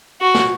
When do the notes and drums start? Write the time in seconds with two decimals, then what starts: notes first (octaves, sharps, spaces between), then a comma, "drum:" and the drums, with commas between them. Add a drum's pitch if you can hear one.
0.21 F#4
0.35 drum: snare